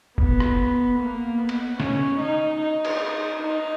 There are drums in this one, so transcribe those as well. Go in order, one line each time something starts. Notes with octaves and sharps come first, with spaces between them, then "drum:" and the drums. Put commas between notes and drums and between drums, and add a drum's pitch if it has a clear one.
B3, drum: kick
drum: rim click
A#3
B3
drum: cymbal
C#4, drum: snare
D#4
D#4
drum: cymbal
D#4